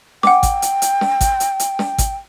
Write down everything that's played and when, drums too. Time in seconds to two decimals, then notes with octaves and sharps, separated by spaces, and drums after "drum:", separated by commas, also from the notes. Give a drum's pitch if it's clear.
0.23 F#5 G5 D6, drum: snare
0.43 drum: kick, hi-hat
0.62 drum: hi-hat
0.82 drum: hi-hat
1.01 drum: snare
1.21 drum: kick, hi-hat
1.40 drum: hi-hat
1.60 drum: hi-hat
1.79 drum: snare
1.98 drum: kick, hi-hat